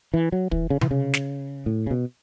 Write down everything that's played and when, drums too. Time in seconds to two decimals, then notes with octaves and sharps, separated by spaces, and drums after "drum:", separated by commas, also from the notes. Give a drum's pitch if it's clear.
0.14 E3
0.32 F#3
0.51 E3, drum: kick
0.70 C#3
0.81 E3, drum: tom C3
0.91 C#3
1.14 drum: snare
1.66 A2
1.87 C#3
1.91 B2